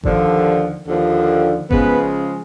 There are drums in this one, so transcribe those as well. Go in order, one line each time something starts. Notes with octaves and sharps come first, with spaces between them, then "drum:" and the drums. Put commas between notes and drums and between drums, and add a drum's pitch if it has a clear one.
D#2 D3 F3, drum: kick G1
D#2 D3 F3
C#3 F3 G#3 B3 B4, drum: kick G1